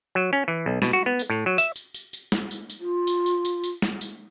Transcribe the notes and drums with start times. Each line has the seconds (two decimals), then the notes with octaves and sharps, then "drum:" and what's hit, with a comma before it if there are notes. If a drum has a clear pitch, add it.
0.15 F#3
0.33 C#4
0.48 E3
0.66 B1
0.82 B2, drum: snare
0.93 F#4
1.06 B3
1.19 drum: tambourine
1.30 A2
1.46 F#3
1.58 E5, drum: tambourine
1.76 drum: tambourine
1.94 drum: tambourine
2.13 drum: tambourine
2.32 drum: snare
2.51 drum: tambourine
2.70 drum: tambourine
2.80 F4
3.07 drum: tambourine
3.26 drum: tambourine
3.45 drum: tambourine
3.64 drum: tambourine
3.82 drum: snare
4.01 drum: tambourine